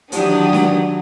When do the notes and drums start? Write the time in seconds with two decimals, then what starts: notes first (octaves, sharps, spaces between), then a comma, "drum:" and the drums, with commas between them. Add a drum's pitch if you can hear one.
0.12 D#3 E3 F#3 D4 G4 D#6, drum: hi-hat
0.53 drum: snare